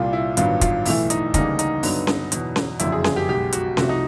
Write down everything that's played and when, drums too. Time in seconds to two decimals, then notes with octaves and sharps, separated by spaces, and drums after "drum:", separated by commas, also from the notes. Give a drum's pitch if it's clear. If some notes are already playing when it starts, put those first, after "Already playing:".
Already playing: C2 A#2 G3 F4
0.13 E4
0.37 A1 G2 D#3 F#3 B3 F4, drum: hi-hat
0.61 F4, drum: kick, hi-hat
0.85 B1 A2 E3 A3 E4, drum: open hi-hat
1.10 D#4, drum: hi-hat
1.34 D2 C#3 E3 G3 A#3 D#4, drum: kick, hi-hat
1.59 D#4, drum: hi-hat
1.83 G2 D3 F#3 B3, drum: open hi-hat
2.07 drum: snare C#4
2.32 E2 B2 F#3 B3, drum: hi-hat
2.56 drum: snare C#4
2.79 F#1 F2 D3 F#3 A#3 E4, drum: hi-hat
2.92 G#4
3.04 G#4, drum: snare C#4
3.16 G4
3.29 B1 B2 G#3 G4
3.52 F#4, drum: hi-hat
3.77 C2 C3 F3 A3 F#4, drum: snare C#4
3.89 D#4